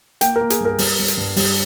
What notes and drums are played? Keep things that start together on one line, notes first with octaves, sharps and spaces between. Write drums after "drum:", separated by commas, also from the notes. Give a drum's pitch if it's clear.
A#3 G5, drum: hi-hat
A#4
A#3
G#4, drum: hi-hat
G2 A#4
G3, drum: open hi-hat
G3
drum: hi-hat
G2
G3, drum: open hi-hat